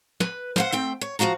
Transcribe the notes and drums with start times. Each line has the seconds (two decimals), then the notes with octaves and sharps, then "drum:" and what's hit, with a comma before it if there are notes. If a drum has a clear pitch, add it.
0.20 B4, drum: snare
0.56 C5 F5 F#5, drum: snare
0.72 A3 C4 G5
1.01 C#5
1.19 F3 F#3 F#4 F5 A#5